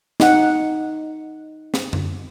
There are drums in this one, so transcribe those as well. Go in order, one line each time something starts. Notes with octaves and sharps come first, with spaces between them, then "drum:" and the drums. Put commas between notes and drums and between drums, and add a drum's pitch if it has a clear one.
D#4 F#5, drum: snare
drum: snare
drum: tom F#2